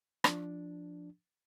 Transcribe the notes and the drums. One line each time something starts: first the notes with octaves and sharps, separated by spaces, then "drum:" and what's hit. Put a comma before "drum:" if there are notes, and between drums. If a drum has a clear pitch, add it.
F3 D4, drum: rim click